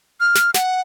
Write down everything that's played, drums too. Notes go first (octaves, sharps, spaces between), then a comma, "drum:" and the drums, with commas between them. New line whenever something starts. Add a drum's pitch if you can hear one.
F6
drum: snare
F#5, drum: snare